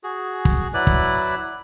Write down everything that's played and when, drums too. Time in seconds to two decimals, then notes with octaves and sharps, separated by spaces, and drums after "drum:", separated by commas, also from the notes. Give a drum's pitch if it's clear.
0.03 F#4 G#4
0.45 drum: kick
0.74 F#3 E4 B4 D5
0.87 drum: kick